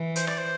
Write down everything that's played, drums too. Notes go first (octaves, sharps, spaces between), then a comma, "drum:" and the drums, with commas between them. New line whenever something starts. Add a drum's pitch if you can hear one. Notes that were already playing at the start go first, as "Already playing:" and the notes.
Already playing: E3
C5, drum: hi-hat
D5, drum: rim click
C5